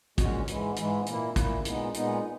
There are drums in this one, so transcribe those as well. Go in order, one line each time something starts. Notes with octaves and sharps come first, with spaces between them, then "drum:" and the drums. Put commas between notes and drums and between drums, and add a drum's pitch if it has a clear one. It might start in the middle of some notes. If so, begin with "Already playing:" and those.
A#2 G#3 C#4 F#4, drum: kick, hi-hat
G#2 E3 G#3, drum: hi-hat
G#2 E3 G#3, drum: hi-hat
A#2 A#3 E4, drum: hi-hat
A#2 A#3 E4, drum: kick, hi-hat
A#2 G#3 B3 D#4, drum: hi-hat
A#2 G#3 B3 D#4, drum: hi-hat